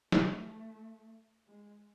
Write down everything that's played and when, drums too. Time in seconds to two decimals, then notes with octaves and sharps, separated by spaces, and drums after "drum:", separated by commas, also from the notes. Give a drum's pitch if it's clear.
0.12 A3, drum: snare
1.47 G#3